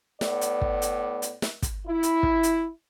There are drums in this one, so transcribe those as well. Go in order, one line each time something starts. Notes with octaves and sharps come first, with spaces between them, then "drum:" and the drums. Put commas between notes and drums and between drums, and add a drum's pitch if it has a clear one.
A2 B3 D5, drum: snare
drum: hi-hat
drum: kick
drum: hi-hat
drum: hi-hat
drum: snare
drum: kick, hi-hat
E4
drum: hi-hat
drum: kick
drum: hi-hat